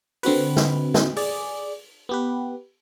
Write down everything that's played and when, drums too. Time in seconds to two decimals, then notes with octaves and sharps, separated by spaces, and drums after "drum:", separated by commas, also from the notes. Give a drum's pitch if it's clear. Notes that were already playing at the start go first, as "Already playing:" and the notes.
0.23 D3 C4 F#4 B4, drum: open hi-hat
0.57 drum: snare
0.94 drum: snare
1.16 G#4 D5, drum: open hi-hat
2.09 B3 G4 B4